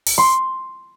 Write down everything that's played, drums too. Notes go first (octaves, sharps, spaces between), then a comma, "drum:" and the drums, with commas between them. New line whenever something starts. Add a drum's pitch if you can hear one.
drum: open hi-hat
C6